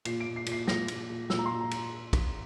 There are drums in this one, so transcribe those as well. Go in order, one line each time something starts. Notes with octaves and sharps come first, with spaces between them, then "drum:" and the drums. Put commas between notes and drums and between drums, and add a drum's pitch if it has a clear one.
A#2 C7, drum: cymbal
D7
A#2
C7
A#2, drum: cymbal
C7
A#2 A#6, drum: snare
A#2, drum: cymbal
A#2
A#2 E6, drum: snare
A#5
A#2 C6
A#5
drum: cymbal
drum: kick, cymbal